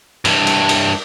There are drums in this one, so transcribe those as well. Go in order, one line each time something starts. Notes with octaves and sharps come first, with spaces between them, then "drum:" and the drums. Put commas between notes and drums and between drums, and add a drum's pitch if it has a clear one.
G2 E3, drum: cymbal
drum: cymbal
drum: cymbal